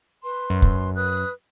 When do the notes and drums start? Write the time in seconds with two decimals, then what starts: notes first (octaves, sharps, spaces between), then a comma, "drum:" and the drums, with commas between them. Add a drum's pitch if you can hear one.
0.23 B4 C6
0.50 F#2
0.62 drum: kick
0.95 B4 D#6 F#6